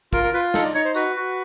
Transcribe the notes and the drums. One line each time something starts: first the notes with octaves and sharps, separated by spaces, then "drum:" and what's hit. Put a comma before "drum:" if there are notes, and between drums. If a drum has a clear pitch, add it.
F4 A#4, drum: kick
A#4
F4 B4
D#4 A4, drum: snare
D5
D#4 C#5
C5
F#4 B4, drum: tambourine
F#4